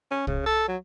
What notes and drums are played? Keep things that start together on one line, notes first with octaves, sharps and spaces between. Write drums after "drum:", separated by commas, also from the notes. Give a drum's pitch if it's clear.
C#4
C#3, drum: kick
A4
F#3